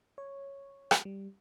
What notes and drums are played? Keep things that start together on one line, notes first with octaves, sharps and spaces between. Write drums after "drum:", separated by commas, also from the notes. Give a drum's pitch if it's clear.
C#5
drum: rim click
G3